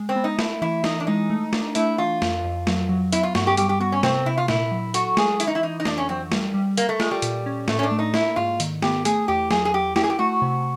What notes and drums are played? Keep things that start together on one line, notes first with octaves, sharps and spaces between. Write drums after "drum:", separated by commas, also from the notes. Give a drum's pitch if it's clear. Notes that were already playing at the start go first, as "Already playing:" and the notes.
Already playing: G#3
C4
B3
D#4
A3 E4, drum: snare
E3 E4
D#4 E4, drum: snare
D4
G#3 D#4
A3
D4, drum: snare
A3 E4, drum: hi-hat
E3 F4
F2, drum: snare
F2
F#3, drum: snare
F#3
B3 E4, drum: hi-hat
F4
G2 F#4, drum: snare
G4
G3 G4, drum: hi-hat
G4
B3 F#4
C#4
C3 C4, drum: snare
C3 E4
F4
A#2 E4, drum: snare
F#3
F#4 A4, drum: hi-hat
G#3 G#4, drum: snare
E3 E4, drum: hi-hat
D#4
E4
E3 D#4
D#4
F2 D4, drum: snare
C#4
F#3 C4
G3, drum: snare
G3
A#3 A#4, drum: hi-hat
A3
G#3 F4, drum: snare
G3
A#2, drum: hi-hat
C#4
A2 A3, drum: snare
C#4
D4
A3
D#4
A#3 E4, drum: snare
G#2 F4
D#3, drum: hi-hat
B3 G4, drum: snare
A3 G#4, drum: hi-hat
E2 G4
F#3 G#4, drum: snare
G#4
F#3 G4
E4 G4, drum: snare
G#4
G4
A3 F#4
C3